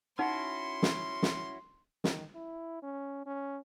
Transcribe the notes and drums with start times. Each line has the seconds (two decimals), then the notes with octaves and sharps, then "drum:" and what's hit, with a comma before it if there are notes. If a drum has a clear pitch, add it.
0.19 C#4 D#4 E4 F#4 F#5 C6
0.83 drum: snare
1.23 drum: snare
2.04 D#3, drum: snare
2.35 E4
2.83 C#4
3.26 C#4